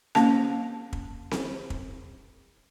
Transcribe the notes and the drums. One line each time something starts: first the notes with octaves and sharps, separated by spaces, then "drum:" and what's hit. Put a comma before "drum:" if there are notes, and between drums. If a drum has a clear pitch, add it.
A#3 C#4 A5, drum: snare C4
drum: kick
drum: snare C4
drum: kick